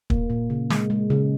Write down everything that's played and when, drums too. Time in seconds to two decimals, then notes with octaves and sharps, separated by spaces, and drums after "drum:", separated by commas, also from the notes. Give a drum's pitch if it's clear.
0.10 A#3, drum: kick
0.30 A#2
0.50 C#3
0.70 G#3, drum: snare
0.90 G#3
1.10 C#3